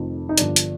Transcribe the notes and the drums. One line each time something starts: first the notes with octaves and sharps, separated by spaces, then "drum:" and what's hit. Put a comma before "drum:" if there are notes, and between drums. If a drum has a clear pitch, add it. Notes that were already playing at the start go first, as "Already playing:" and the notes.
Already playing: F1 F2 D#3 A3
D#4
G1 G2 D3 F3 D4, drum: hi-hat
drum: hi-hat